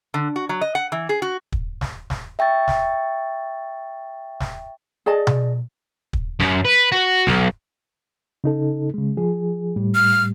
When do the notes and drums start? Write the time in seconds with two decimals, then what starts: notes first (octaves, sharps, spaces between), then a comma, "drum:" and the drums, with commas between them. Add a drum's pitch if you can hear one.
0.14 D3
0.36 F#4
0.49 F#3
0.61 D#5
0.75 F#5
0.92 E3
1.09 G#4
1.22 F#4
1.52 drum: kick
1.81 drum: snare
2.10 drum: snare
2.39 E5 G5 C#6 A6
2.68 drum: snare
4.40 drum: snare
5.06 G#4 D5 D#5 A5
5.27 drum: tom B2
6.13 drum: kick
6.40 F#2, drum: snare
6.65 B4
6.92 F#4
7.27 B1, drum: snare
8.44 C#3 D#4 A4
8.94 C#3 G#3
9.17 F3 G#4
9.76 A2 G3
9.95 F6